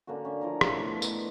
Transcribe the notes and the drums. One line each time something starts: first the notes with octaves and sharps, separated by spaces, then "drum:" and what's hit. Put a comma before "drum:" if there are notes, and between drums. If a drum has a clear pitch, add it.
D3 A#3 C#4 F#4
C#4 E5
F3 E4 A#5
A3 C#4, drum: rim click
B3 C5
B3 D4 D#4 C5, drum: tambourine